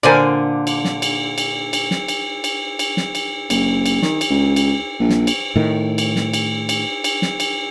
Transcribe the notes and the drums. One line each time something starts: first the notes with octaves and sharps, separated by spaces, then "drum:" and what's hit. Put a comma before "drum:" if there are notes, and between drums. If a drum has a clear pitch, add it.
A#2 D3 A#4 C5 D5 G#5
drum: cymbal
drum: snare
drum: cymbal
drum: cymbal
drum: cymbal
drum: snare
drum: cymbal
drum: cymbal
drum: cymbal
drum: snare
drum: cymbal
F#1, drum: cymbal
drum: cymbal
D#3, drum: snare
drum: cymbal
C#2
drum: cymbal
A#1
drum: snare
drum: cymbal
A2 D#3
drum: cymbal
drum: snare
drum: cymbal
drum: cymbal
drum: cymbal
drum: snare
drum: cymbal